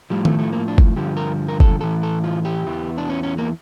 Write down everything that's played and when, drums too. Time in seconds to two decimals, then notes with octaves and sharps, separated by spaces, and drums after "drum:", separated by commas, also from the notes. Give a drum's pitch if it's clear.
0.10 A2 F3 G3
0.25 A3, drum: tom D#3
0.39 A3
0.53 A#3
0.68 D4
0.78 drum: kick F#1
0.96 G2 D3 F3 G4
1.17 A#4
1.48 A#4
1.60 A4, drum: kick F#1
1.81 A2 E3 A4
2.03 A4
2.24 F4
2.45 G4
2.67 E2 E3
2.98 D4
3.10 C#4
3.23 C#4
3.38 A#3